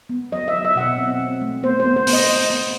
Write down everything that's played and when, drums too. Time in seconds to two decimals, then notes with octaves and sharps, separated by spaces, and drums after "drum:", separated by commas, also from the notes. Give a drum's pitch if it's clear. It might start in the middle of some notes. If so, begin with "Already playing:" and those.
0.09 B3
0.32 F#3 D#5
0.48 E5
0.53 F#3
0.65 E5
0.76 B2 F#5
0.81 E5
0.98 C4
1.20 C4
1.42 A3
1.63 B3 C5
1.80 C5
1.85 B3
1.96 C5
2.07 B3, drum: open hi-hat
2.13 D#5
2.29 B3
2.50 B3